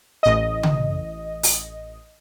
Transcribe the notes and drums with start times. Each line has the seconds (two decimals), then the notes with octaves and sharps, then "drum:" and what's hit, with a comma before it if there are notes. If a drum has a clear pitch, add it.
0.23 A1 D#5
0.63 drum: tom C#3
1.43 drum: open hi-hat